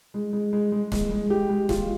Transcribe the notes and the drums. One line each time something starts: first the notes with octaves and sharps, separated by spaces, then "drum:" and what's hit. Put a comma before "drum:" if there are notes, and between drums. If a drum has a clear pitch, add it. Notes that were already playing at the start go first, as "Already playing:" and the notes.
G#3
G#3
G#3
G#3
G#3, drum: snare
G#3
G4
G#3
F4, drum: snare